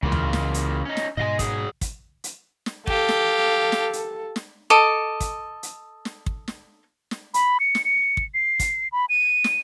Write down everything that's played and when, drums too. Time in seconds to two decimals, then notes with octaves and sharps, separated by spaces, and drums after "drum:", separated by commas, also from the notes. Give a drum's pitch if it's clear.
0.03 C#2 C#3 E3 A#3 F4
0.12 drum: tom
0.33 drum: snare
0.54 drum: hi-hat
0.85 C#4 D#4
0.97 drum: snare
1.17 G#2 B2 D#5 F5 G#5
1.39 F#3 G#4, drum: kick, hi-hat
1.81 drum: kick, hi-hat
2.24 drum: hi-hat
2.66 drum: snare
2.87 G4 A4 F5, drum: kick
3.09 drum: snare
3.72 drum: snare
3.93 drum: hi-hat
4.36 drum: snare
4.70 A4 D#5 D6
5.20 drum: kick, hi-hat
5.63 drum: hi-hat
6.05 drum: snare
6.26 drum: kick
6.48 drum: snare
7.11 drum: snare
7.34 B5, drum: hi-hat
7.60 C#7
7.75 drum: snare
7.85 C#7
8.17 drum: kick
8.34 C7
8.60 drum: kick, hi-hat
8.92 B5
9.09 D#7
9.44 drum: snare